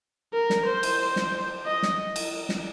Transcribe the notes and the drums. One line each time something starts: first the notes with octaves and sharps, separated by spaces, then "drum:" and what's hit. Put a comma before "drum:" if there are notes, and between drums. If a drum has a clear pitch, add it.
A#4
drum: snare
C5
drum: cymbal
drum: snare
D#5
drum: snare
drum: cymbal
drum: snare